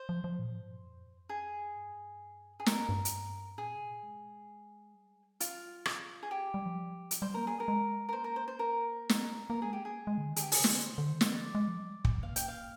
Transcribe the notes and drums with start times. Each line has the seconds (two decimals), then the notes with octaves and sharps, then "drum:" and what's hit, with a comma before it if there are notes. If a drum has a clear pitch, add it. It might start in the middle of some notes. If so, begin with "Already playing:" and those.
Already playing: C5
0.09 F3
0.24 F3
0.39 A#2
0.54 G#2
0.69 G2
0.84 F2
1.29 G#4
1.76 G2
2.60 G#4
2.66 F2 A#4, drum: snare
2.89 G2
3.05 drum: hi-hat
3.57 A#2 G#4
3.75 C3
3.80 A#2
4.03 G#3
4.94 G3
5.40 F4, drum: hi-hat
5.86 A#3, drum: rim click
6.09 C4
6.23 G#4
6.31 A#3 G4
6.54 G3
6.66 F3
7.11 drum: hi-hat
7.22 G3 C5
7.34 A#3 A#4
7.47 G#4
7.60 A#4
7.68 G#3
8.09 A#4
8.13 A#3 C5
8.24 A#4
8.36 C5
8.48 C5
8.59 A#4
9.09 drum: snare
9.50 A#3 A#4
9.62 G#3 G#4
9.73 G4
9.80 A#3 G#4
10.07 G#3
10.18 D3
10.29 D#3
10.36 G#4, drum: hi-hat
10.41 D3 G4
10.52 C3 G#4, drum: open hi-hat
10.64 D3 C5, drum: snare
10.75 C5
10.87 D#3
10.93 C3
10.98 D3
11.09 D#3
11.21 G3 C5, drum: snare
11.32 F3 D5
11.55 G#3
11.68 F3
11.78 G3
12.05 drum: kick
12.23 A#3 F5
12.36 G5, drum: hi-hat
12.48 F5